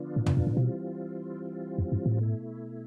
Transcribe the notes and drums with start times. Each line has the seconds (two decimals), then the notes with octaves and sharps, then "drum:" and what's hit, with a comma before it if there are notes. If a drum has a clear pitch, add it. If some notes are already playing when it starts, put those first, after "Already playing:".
Already playing: D3 F3 B3 D4 F4
0.16 A2
0.26 F2, drum: tom
0.37 F2
0.47 A2
0.57 B2 E3 G3 C4 F4
1.78 F2
1.92 G2
2.06 A2
2.19 B2 A3 E4